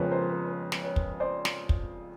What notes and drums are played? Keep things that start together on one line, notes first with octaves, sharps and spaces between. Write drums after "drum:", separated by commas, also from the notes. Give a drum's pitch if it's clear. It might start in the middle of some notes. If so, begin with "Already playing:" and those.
Already playing: F2 C#3 F3 G#3 B3 A#4 B4 C#5
A#4 C5
A#4
B4
B4
drum: snare
B4 C#5
drum: kick
C5 D5
drum: snare
drum: kick